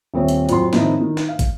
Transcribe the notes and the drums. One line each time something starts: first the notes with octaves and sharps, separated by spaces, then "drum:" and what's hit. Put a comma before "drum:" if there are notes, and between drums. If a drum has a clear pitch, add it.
D#1 C4 C#5 E5
drum: hi-hat
F2 A2 F#3 C6, drum: hi-hat
A2 D#3 F3 C4 D#4 E4, drum: snare
D#3
drum: snare
F5
drum: kick, hi-hat